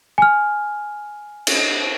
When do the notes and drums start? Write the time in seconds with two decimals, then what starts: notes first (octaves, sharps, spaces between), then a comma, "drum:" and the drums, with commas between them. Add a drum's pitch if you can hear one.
0.18 G#5 F6
1.47 drum: cymbal